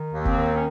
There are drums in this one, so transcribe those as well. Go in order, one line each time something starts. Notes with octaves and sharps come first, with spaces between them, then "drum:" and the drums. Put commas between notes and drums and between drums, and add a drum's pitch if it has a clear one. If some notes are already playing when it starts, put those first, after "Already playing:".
Already playing: D#3
D#2
C4, drum: kick F1
D#3
C#4